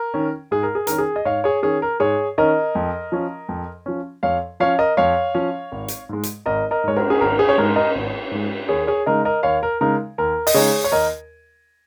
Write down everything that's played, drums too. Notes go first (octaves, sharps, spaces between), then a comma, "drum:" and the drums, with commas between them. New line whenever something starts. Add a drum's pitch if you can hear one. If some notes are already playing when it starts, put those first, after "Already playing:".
Already playing: A#4
D#3 C#4
G#2 G#4
A#4
G#4
D#3 C#4 A#4, drum: hi-hat
G#4
D#5
G#2 C#5 F5
G#4 C#5
D#3 C#4 G#4 C#5
A#4
G#2 G#4 C#5
D#3 C#4 A#4 D#5
F2
F3 C#4
F2
F3 C#4
F2 C#5 F5
F3 C#4 C#5 F5
A#4 D#5
F2 C#5 F5
F3 C#4
G#1
drum: hi-hat
G#2 G#3
drum: hi-hat
G#1 A#4 D#5
A#4 D#5
G#2 G#3 C#5
A#4, drum: cymbal
G#4
G#1 A#4
G#4
C#5
G#2 G#3 A#4
A#4 D#5
G#1
G#2 G#3
D#2 G#4 C#5
G#4 C#5
C#3 G#3 D#4 A#4 D#5
A#4 D#5
D#2 C#5 F5
A#4
C#3 G#3 D#4 A#4
D#2 A#4
D#5, drum: open hi-hat
C#3 G#3 D#4 G#4 C#5
C#5
D#2 A#4 D#5